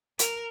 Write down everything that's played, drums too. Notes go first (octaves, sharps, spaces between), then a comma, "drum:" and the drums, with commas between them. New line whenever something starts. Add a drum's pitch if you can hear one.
A#4, drum: hi-hat